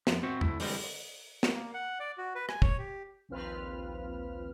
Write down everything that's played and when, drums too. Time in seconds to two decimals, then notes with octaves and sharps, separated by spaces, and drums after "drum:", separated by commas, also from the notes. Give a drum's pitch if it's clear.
0.07 F2 F3, drum: snare
0.23 C4 F#4 C5 E5 F#5
0.41 D2 A3 E4, drum: tom E2
0.60 D3 E3 G3 G#3 C4, drum: open hi-hat
1.43 drum: snare
1.54 A#3
1.74 F#5
2.00 D5
2.18 F#4
2.35 B4
2.49 G#5, drum: rim click
2.62 C#5, drum: kick
2.79 G4
3.29 A#1 D#2 C4 F4 B4 F6